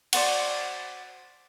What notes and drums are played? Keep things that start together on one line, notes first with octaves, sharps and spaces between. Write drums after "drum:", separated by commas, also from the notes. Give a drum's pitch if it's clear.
F#4 C5 D5, drum: cymbal